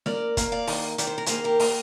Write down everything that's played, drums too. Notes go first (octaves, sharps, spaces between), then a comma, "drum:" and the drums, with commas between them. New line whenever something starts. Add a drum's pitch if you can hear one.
A#3 A#4 D5, drum: snare
A#3, drum: kick, hi-hat
D5 F5
D#3, drum: open hi-hat
D#3 D5, drum: hi-hat
C5
A#4
A#3 G#4 C5, drum: hi-hat
G4 A#4
A#3, drum: open hi-hat